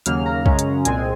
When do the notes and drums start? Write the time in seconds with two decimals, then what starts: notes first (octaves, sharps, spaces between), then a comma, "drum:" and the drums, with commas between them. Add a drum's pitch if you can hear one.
0.06 D#2 C#3 F#3 A#3 F6, drum: hi-hat
0.26 A#5
0.46 F#2 C#3 G#3 C#4, drum: kick
0.59 drum: hi-hat
0.85 C2 A#2 G#3 C4 G#5, drum: hi-hat